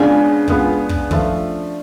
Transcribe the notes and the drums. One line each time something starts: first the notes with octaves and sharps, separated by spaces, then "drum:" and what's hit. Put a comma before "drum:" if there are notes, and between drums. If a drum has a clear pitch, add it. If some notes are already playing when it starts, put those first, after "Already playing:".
Already playing: C#3 G#3 B3 D4 F4
C#3 G#3 B3 F4, drum: kick
drum: kick
F3 A3 F4, drum: kick